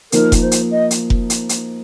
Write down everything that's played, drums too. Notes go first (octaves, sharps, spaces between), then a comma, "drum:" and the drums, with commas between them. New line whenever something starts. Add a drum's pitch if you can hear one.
F3 A#3 D#4 A#4, drum: hi-hat
drum: kick F1, hi-hat
C5
drum: hi-hat
D#5
drum: hi-hat
drum: kick F1
drum: hi-hat
drum: hi-hat